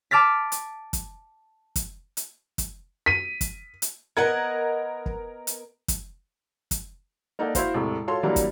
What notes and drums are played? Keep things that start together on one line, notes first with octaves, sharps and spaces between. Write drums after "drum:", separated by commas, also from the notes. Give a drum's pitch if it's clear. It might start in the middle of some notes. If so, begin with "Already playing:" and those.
A5 D6 F6 A6 B6
drum: hi-hat
drum: kick, hi-hat
drum: kick, hi-hat
drum: hi-hat
drum: kick, hi-hat
B6 D#7
drum: kick, hi-hat
drum: hi-hat
B3 A#4 D#5 F#5 G#6
drum: kick
drum: hi-hat
drum: kick, hi-hat
drum: kick, hi-hat
A#3 D#4 A4 D5 F#5
E4 F#4 C5 F5, drum: kick, hi-hat
E1 A2 C3
F4 F#4 A4 C#5 A5 C6
E3 F#3 G3 A#3 D4 E4
drum: kick, hi-hat